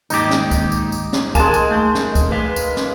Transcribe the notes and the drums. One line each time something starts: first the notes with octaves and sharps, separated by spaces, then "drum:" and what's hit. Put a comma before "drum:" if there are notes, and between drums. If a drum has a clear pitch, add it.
D#2 G#2 D#4 G4, drum: tambourine
drum: snare
drum: kick C#2, tambourine
drum: tambourine
drum: tambourine
drum: snare
G#3 A#3 G#5 A5, drum: kick C#2, tambourine
drum: tambourine
A3
drum: snare
drum: kick C#2, tambourine
B4 F5
drum: tambourine
drum: snare